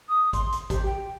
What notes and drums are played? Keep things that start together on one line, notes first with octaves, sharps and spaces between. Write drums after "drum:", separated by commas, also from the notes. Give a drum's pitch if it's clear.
D#6
C6, drum: kick G#1, hi-hat
drum: hi-hat
G4, drum: kick G#1, hi-hat
G5